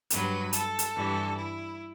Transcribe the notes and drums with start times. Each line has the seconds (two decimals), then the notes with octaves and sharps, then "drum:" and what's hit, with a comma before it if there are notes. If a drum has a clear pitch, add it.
0.10 G2 F#3 B4, drum: hi-hat
0.53 A4, drum: hi-hat
0.79 drum: hi-hat
0.94 G2 E3 G3
1.36 E4